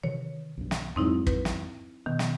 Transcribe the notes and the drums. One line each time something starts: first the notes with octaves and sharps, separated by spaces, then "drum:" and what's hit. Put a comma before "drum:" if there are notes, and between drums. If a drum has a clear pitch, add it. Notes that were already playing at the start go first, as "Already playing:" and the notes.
C3 D#3 E3 C#5
B1 G2
drum: snare
F2 G#2 F#3 C4 D#4 E4
B4, drum: kick
drum: snare
B2 D#3 B3
drum: snare